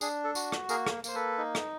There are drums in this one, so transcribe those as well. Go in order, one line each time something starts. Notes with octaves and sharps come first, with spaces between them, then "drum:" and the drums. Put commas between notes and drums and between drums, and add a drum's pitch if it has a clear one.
D4 G#4, drum: tambourine
A4
F#4, drum: tambourine
drum: rim click
A#3 G#4 A#4, drum: tambourine
drum: rim click
A#3 C5, drum: tambourine
A4 B4
D#4
drum: rim click